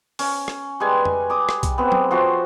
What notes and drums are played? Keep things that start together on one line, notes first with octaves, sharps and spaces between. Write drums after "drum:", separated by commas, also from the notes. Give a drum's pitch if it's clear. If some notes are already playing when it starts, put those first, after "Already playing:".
C#4, drum: open hi-hat
drum: rim click
G3 G#3 B4 G#5
drum: tom F2
D6 D#6
drum: rim click
drum: kick B1, hi-hat
B3 C4
drum: tom F#3
F3 F#4 C5 C#5